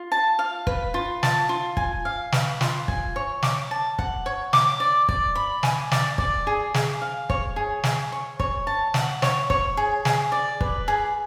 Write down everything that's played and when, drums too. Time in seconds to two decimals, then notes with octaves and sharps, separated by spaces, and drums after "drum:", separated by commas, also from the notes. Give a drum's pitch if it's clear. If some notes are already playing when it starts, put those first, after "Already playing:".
Already playing: F4
0.12 A5
0.39 F5
0.67 B4, drum: kick
0.94 F4
1.23 A5, drum: snare
1.49 F4
1.77 G#5, drum: kick
2.05 F5
2.32 B4, drum: snare
2.61 F4, drum: snare
2.88 G#5, drum: kick
3.16 C#5
3.43 D6, drum: snare
3.71 A5
3.99 F#5, drum: kick
4.26 C#5
4.53 D6, drum: snare
4.80 D5
5.09 D5, drum: kick
5.35 B5
5.63 G#5, drum: snare
5.91 D5, drum: snare
6.18 D5, drum: kick
6.47 G#4
6.74 G#4, drum: snare
7.02 F5
7.30 C#5, drum: kick
7.56 G#4
7.84 G#4, drum: snare
8.12 C#5
8.40 C#5, drum: kick
8.67 A5
8.94 F#5, drum: snare
9.22 C#5, drum: snare
9.50 C#5, drum: kick
9.77 G#4
10.05 G#4, drum: snare
10.32 D5
10.61 B4, drum: kick
10.88 G#4